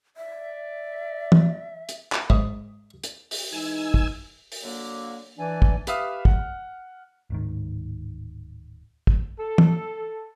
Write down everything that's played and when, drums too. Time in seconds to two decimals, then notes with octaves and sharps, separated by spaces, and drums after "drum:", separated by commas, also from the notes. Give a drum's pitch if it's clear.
0.17 D5 E5
1.32 drum: tom
1.89 drum: hi-hat
2.12 drum: clap
2.30 G#2, drum: kick
3.04 drum: hi-hat
3.31 drum: open hi-hat
3.53 E3 G#3 D#4 G#5 E6
3.94 drum: kick
4.52 drum: open hi-hat
4.62 D3 F#3 A#3
5.37 E3 D4 D5 G#5
5.62 drum: kick
5.87 G4 B4 E5 F5 D#6 F6, drum: hi-hat
6.25 F#5, drum: kick
7.30 D1 G#2 D#3
9.07 drum: kick
9.39 A4
9.58 drum: tom